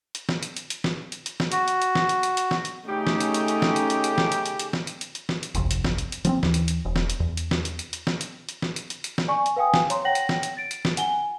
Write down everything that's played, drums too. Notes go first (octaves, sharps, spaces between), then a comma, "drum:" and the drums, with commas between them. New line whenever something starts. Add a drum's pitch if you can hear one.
drum: hi-hat
drum: snare
drum: hi-hat
drum: hi-hat
drum: hi-hat
drum: snare
drum: hi-hat
drum: hi-hat
drum: snare
F#4, drum: hi-hat
drum: hi-hat
drum: hi-hat
drum: snare
drum: hi-hat
drum: hi-hat
drum: hi-hat
drum: snare
drum: hi-hat
C#3 A3 C#4 D#4 G4
drum: snare
drum: hi-hat
drum: hi-hat
drum: hi-hat
drum: snare
drum: hi-hat
drum: hi-hat
drum: hi-hat
drum: snare
drum: hi-hat
drum: hi-hat
drum: hi-hat
drum: snare
drum: hi-hat
drum: hi-hat
drum: hi-hat
drum: snare
drum: hi-hat
G1 C2 F2, drum: hi-hat
drum: hi-hat
drum: snare
drum: hi-hat
drum: hi-hat
F3 B3 C4, drum: hi-hat
D#2 E3, drum: snare
drum: hi-hat
drum: hi-hat
E1
drum: snare
drum: hi-hat
E2
drum: hi-hat
drum: snare
drum: hi-hat
drum: hi-hat
drum: hi-hat
drum: snare
drum: hi-hat
drum: hi-hat
drum: snare
drum: hi-hat
drum: hi-hat
drum: hi-hat
drum: snare
D5 G#5 C#6
drum: hi-hat
B4 F5 G5 G#5 D#6
drum: snare
C#5 A#5 C6, drum: hi-hat
C#5 F#5 G5 A#6 F#7
drum: hi-hat
drum: snare
drum: hi-hat
A6 D7
drum: hi-hat
drum: snare
F#5 G#5 G7, drum: hi-hat